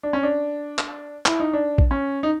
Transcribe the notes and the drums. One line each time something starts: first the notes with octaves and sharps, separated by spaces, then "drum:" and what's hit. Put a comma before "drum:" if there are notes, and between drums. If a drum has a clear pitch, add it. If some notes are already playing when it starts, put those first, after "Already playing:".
D4
C#4
D4
drum: clap
E4, drum: clap
D#4
D4
drum: kick
C#4
D#4